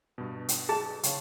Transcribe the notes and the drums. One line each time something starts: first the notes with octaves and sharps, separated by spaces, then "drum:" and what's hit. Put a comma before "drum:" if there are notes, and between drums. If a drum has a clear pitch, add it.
G2 B2
drum: hi-hat
G#4 A5
C#3, drum: hi-hat